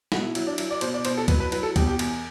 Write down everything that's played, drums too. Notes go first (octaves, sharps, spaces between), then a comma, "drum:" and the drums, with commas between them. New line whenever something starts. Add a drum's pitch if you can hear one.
B2 F#4, drum: snare
E4
F#3 E4, drum: cymbal
D4
F#3 E4, drum: cymbal
D5
B2 C5, drum: cymbal
D5
B2 C5, drum: cymbal
A4
F#3 B4, drum: kick, cymbal
B4
F#3 B4, drum: cymbal
A4
B2 G4, drum: kick, cymbal
G4
E2, drum: cymbal